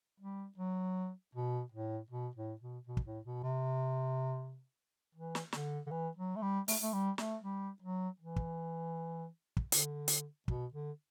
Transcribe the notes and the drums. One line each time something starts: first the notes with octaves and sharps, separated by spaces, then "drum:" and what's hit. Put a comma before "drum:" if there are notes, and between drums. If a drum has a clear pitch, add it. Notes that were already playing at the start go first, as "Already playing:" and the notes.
G3
F#3
B2
A2
B2
A2
B2
B2
drum: kick
A2
B2
C3
E3
drum: snare
D3, drum: snare
D3
E3
F#3
A3
G3
A3, drum: open hi-hat
A3
G3
A3, drum: snare
G3
F#3
E3
drum: kick
drum: kick
D3, drum: hi-hat
drum: hi-hat
B2, drum: kick
D3